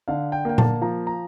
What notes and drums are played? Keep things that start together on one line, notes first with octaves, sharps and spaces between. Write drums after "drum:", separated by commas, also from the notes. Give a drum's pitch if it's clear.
D3 F5
G5
A#3 G5
A5, drum: tom A#2
F3 A#5
A#5